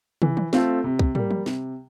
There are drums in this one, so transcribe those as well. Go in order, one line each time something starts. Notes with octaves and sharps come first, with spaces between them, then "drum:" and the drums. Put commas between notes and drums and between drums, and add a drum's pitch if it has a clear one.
E3, drum: tom
drum: tom E3
A3 C4 F4 A4, drum: snare
C3
drum: kick C2
G3 A#3, drum: tom
drum: tom E3
C3, drum: snare